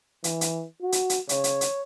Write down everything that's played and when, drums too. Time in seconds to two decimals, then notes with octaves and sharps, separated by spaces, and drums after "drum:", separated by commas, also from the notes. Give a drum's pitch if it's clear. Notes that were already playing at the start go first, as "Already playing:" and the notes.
0.24 E3, drum: hi-hat
0.41 drum: hi-hat
0.82 F#4
0.92 drum: hi-hat
1.10 drum: hi-hat
1.29 C#3 C#5, drum: hi-hat
1.44 drum: hi-hat
1.61 drum: hi-hat